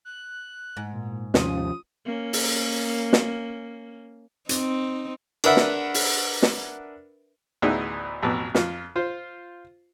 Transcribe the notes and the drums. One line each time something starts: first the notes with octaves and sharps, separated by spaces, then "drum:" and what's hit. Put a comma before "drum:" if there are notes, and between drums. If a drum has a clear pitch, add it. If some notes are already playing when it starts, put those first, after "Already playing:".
F#6
G#2
A#2
D#2 C3 F3 C#4 F4 D#6, drum: snare
A#3 C#4
drum: open hi-hat
drum: snare
C4 D#4, drum: hi-hat
D4 A#4 B4 E5 F#5, drum: cymbal
drum: snare
drum: open hi-hat
drum: snare
A1 D2 B3 D#4 E4 G#4
A1 F2 B2 B4 A5
F2 F4, drum: snare
F4 C5